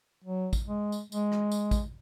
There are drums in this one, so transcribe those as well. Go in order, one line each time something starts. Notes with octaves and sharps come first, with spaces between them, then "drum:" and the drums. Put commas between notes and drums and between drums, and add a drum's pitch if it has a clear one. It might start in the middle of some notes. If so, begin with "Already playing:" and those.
F#3
drum: kick, tambourine
G#3
drum: tambourine
G#3, drum: tambourine
drum: rim click
drum: tambourine
drum: kick, tambourine